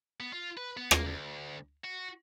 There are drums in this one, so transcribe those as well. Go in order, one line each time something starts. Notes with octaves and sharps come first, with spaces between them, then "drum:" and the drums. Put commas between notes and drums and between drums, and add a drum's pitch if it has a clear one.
B3
F4
B4
B3
A#3, drum: rim click
D2
F#4